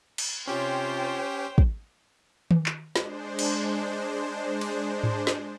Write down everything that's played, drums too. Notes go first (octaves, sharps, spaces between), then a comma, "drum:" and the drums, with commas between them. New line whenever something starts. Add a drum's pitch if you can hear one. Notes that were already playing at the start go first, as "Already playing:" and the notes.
drum: cymbal
C3 C4 C#4 F4 G4 C5 C#5 G5
drum: kick
drum: tom D#3
drum: clap
G#3 D4 C5, drum: snare
drum: cymbal
drum: cymbal
drum: tom G#2
drum: snare